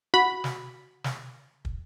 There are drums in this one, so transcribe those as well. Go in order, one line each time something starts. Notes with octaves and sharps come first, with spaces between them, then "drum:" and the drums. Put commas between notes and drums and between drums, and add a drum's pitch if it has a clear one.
F#4 B5
drum: snare
drum: snare
drum: kick